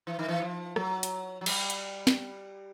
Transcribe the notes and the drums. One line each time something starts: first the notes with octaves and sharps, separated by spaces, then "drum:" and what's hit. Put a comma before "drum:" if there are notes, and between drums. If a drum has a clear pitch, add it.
E3
D#3
E3
F3
F#3, drum: rim click
drum: hi-hat
F#3
G3, drum: cymbal
drum: hi-hat
drum: snare